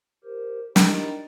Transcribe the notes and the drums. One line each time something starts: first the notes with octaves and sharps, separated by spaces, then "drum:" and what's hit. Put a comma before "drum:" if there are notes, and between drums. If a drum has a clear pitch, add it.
G4 A#4 C5
D#3 D4 E4 G4 A6, drum: snare